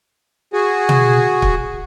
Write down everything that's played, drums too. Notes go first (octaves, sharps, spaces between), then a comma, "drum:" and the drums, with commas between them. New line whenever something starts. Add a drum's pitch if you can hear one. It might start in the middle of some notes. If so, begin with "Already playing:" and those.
F#4 G#4
drum: tom
drum: kick